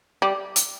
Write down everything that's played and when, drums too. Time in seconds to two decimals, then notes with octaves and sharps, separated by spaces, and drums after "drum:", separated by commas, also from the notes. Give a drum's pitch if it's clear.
0.22 G3
0.56 drum: hi-hat